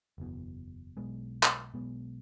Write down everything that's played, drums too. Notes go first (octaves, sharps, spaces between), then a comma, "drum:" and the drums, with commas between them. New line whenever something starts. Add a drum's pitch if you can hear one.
F#1 E2 B2
B1 B2 G#3 B3
drum: clap
B1 B2 G#3 B3